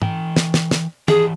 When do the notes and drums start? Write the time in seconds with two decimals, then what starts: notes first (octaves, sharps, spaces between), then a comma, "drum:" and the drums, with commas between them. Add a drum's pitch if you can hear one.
0.02 E3 G5, drum: tom G#2
0.36 drum: snare
0.54 drum: snare
0.71 drum: snare
1.08 E3 G4 G#4 A5, drum: tom